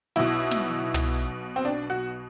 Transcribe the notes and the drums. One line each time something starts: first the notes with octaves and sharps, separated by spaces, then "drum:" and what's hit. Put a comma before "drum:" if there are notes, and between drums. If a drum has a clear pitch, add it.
B1 B2 E4
drum: snare
drum: tom
C4
D4
F#4